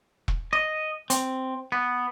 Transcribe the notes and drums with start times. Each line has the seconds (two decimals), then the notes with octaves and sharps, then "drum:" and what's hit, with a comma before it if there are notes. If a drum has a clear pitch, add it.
0.28 drum: kick E1
0.53 D#5
1.10 C4, drum: hi-hat
1.72 B3